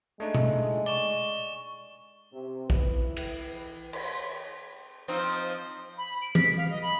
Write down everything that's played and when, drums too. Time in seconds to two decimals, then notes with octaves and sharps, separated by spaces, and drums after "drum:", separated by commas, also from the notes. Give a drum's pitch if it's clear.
0.20 G#3 A3 D4 D#4
0.34 drum: tom B2
0.86 D5 C#6 E7 G7
2.33 C3
2.70 E3 B4, drum: kick
3.17 drum: cymbal
3.93 drum: cymbal
5.08 F3 C4 D#4, drum: hi-hat
5.98 B5
6.22 D7
6.35 B6, drum: tom E3
6.57 F5
6.69 D#5
6.82 B5